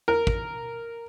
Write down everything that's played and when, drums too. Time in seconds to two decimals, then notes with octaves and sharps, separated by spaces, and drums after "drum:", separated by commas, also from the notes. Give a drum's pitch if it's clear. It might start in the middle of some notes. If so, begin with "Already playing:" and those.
0.08 A#4
0.27 drum: kick